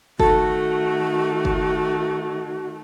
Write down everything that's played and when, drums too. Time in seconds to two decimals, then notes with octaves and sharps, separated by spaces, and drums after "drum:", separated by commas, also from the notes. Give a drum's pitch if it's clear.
0.20 D#3 A3 F#4 A4, drum: kick F#1
1.45 drum: kick F#1